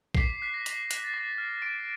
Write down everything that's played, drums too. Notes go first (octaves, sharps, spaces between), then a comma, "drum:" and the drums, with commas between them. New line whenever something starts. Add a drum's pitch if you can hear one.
C7, drum: kick
D6 B6
B6
F#6 B6
A#6
D6 A#6, drum: hi-hat
F#6, drum: hi-hat
A6
D6 A#6
F6
D6 D7